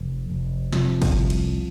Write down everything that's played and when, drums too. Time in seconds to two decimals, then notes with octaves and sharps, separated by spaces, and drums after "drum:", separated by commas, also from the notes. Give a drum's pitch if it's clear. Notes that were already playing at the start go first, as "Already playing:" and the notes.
Already playing: F1
0.30 F1
0.73 C3 F3, drum: snare F3
1.02 drum: kick, cymbal
1.15 C2
1.30 drum: cymbal